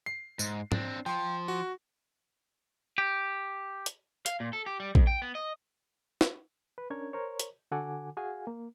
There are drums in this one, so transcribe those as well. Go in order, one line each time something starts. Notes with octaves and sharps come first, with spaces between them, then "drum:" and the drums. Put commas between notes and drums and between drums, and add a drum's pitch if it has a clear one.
C7
G#2, drum: tambourine
C4 D4, drum: tom
F3 G5 C6
F#4
G4
drum: hi-hat
F5, drum: hi-hat
A#2
A4
G4
G3
F2, drum: kick A#1
G5
B3
D#5
drum: snare
B4
C#4 D4 A#4 C#5 G#6
A#4 C5 C#5
drum: hi-hat
D3 F#4 A4 F#5 G#5 D6
F#4 G#4 F5 F#5 G#5
A#3